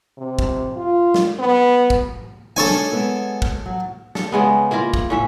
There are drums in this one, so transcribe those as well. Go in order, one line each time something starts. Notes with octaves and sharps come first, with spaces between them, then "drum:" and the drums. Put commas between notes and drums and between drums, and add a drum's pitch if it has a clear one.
C3
drum: kick
F4
drum: snare
B3
drum: kick
D4 D#4 A4 C#5 G#5
drum: snare
G#3 B3 E5
drum: kick
F#3
A4, drum: snare
C#3 G#3 B3
A#3 E4 F4 A#4
drum: kick
A2 C#4 E5